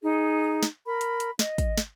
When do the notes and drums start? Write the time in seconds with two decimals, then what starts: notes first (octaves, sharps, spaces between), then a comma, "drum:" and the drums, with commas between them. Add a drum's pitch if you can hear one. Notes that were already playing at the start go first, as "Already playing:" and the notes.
0.03 D#4 G#4
0.63 drum: snare
0.86 A#4 B5
1.01 drum: hi-hat
1.20 drum: hi-hat
1.39 D#5, drum: snare
1.58 drum: kick, hi-hat
1.78 drum: snare